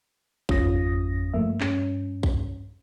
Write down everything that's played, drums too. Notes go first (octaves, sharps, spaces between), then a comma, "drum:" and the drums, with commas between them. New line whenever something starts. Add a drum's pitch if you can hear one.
G#1 F2 C#4 F4 D#6 A#6, drum: kick B1
G2 F3 A3 A#3 E5
G2 C#4, drum: clap
drum: kick B1